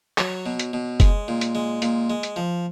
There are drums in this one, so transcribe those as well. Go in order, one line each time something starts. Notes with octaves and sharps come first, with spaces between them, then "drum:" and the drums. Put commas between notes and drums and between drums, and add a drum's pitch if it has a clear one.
F#3 C#5, drum: clap
B2
drum: hi-hat
B2
G#3, drum: kick F#1, hi-hat
A#2
drum: hi-hat
G#3
A#2, drum: hi-hat
G#3
drum: hi-hat
F3